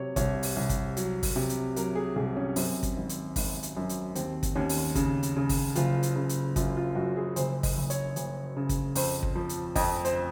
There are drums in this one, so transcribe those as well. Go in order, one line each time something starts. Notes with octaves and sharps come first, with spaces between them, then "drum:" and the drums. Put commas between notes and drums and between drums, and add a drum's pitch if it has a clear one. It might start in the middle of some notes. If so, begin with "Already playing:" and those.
Already playing: C3 F#3 C#5
C2 C#5, drum: kick, hi-hat
drum: open hi-hat
C2
drum: kick, hi-hat
F#3, drum: hi-hat
drum: kick, open hi-hat
C3
drum: hi-hat
F#3 A#4, drum: hi-hat
G#4
C2 G#4
C#4
F#2 C4, drum: open hi-hat
drum: kick, hi-hat
G#1
drum: hi-hat
G#1, drum: kick, open hi-hat
drum: hi-hat
F#2
drum: hi-hat
D#2 C4, drum: hi-hat
drum: kick, hi-hat
D#2 C#4
drum: open hi-hat
C#3, drum: kick, hi-hat
drum: hi-hat
C#3
drum: kick, open hi-hat
F#1 F4, drum: hi-hat
drum: hi-hat
C#3
drum: hi-hat
F#2 F4, drum: kick, hi-hat
F4
F#2 F#4
G#4
F#1 C5, drum: hi-hat
D#5, drum: kick, open hi-hat
F#1
C#5, drum: hi-hat
F#1, drum: hi-hat
C#3
drum: kick, hi-hat
F2 C5, drum: open hi-hat
drum: kick
F3
drum: hi-hat
F2 D#5, drum: kick, open hi-hat
C5, drum: hi-hat